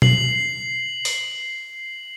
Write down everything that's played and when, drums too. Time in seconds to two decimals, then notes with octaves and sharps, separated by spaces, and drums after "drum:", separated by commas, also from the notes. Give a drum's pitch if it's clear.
0.02 C7 F#7, drum: tom B2
1.05 drum: open hi-hat